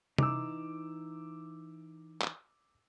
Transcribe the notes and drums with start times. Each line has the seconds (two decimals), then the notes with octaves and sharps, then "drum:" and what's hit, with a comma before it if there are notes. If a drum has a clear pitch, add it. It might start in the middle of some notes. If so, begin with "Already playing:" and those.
0.18 E3 D#4 D6 E6, drum: tom C3
2.22 drum: clap